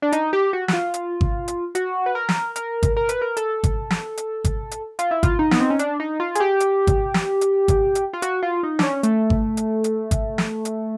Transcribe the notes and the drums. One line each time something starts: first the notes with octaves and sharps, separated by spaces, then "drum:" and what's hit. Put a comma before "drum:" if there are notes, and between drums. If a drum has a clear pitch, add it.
D4
D#4, drum: hi-hat
G4
F#4
F#4, drum: snare
F4
drum: hi-hat
drum: kick G#1
drum: hi-hat
F#4, drum: hi-hat
B4
A#4
drum: snare
A#4, drum: hi-hat
drum: kick G#1, hi-hat
A#4
B4, drum: hi-hat
A#4
A4, drum: hi-hat
drum: kick G#1, hi-hat
drum: snare
drum: hi-hat
drum: kick G#1, hi-hat
drum: hi-hat
F4, drum: hi-hat
E4
F4, drum: kick G#1, hi-hat
D#4
B3, drum: snare
C4
C#4
D4, drum: hi-hat
D#4
F4
G#4, drum: hi-hat
G4
drum: hi-hat
drum: kick G#1, hi-hat
drum: snare
drum: hi-hat
drum: kick G#1, hi-hat
drum: hi-hat
F4
F#4, drum: hi-hat
F4
D#4
D4, drum: snare
C#4
A3, drum: hi-hat
drum: kick G#1
drum: hi-hat
drum: hi-hat
drum: kick G#1, hi-hat
drum: snare
drum: hi-hat